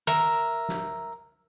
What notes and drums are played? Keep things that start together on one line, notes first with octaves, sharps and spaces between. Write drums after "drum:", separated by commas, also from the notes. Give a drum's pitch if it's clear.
A#4 E5, drum: tom D#3
drum: snare